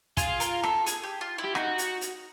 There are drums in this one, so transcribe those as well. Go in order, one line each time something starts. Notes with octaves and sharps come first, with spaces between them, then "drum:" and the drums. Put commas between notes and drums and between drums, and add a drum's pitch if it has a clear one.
F4 G#4, drum: kick, hi-hat
A#4, drum: hi-hat
A4, drum: rim click
G#4, drum: hi-hat
G4
F4
E4
G4
D#4 F#4, drum: rim click
drum: hi-hat
drum: hi-hat